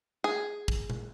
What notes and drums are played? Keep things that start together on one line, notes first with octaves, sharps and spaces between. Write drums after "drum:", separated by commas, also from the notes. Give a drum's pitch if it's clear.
G#4
drum: kick
drum: tom A#2